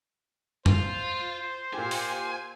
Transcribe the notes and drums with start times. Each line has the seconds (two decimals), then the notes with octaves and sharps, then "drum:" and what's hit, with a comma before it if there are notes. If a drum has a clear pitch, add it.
0.66 F4 C5, drum: tom F#2
1.73 A#2 G4 G#5
1.91 drum: open hi-hat